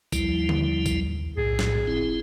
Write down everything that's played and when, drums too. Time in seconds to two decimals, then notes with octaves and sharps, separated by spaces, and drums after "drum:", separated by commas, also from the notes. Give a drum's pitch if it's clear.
0.12 D#2 F3 G3 E4, drum: kick, tambourine
0.49 drum: tom D3
0.86 drum: kick, tambourine
1.37 B1 A2 G#4
1.59 drum: snare
1.87 G1 C4 E4